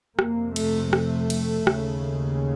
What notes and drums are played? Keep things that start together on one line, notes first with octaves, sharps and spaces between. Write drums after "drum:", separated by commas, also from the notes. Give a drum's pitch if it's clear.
F2 C3 A#3, drum: rim click
A3, drum: cymbal
A3, drum: rim click
drum: cymbal
D#2 C#3, drum: rim click